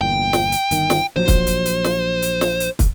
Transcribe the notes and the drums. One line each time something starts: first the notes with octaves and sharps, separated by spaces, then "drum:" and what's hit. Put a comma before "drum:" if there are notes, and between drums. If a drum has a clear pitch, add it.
G1 E2 A#2 G5
drum: snare
drum: hi-hat
G1 D#3, drum: hi-hat
drum: snare
A#1 F3 F#3 C5
drum: kick, hi-hat
drum: hi-hat
drum: hi-hat
drum: snare
drum: hi-hat
drum: snare
drum: hi-hat
drum: kick, hi-hat